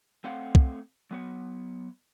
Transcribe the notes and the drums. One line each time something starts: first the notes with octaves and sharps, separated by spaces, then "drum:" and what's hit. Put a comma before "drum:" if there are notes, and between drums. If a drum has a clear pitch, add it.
A3 C4 C#5 F5 F#5
drum: kick
F#3 B3 C#5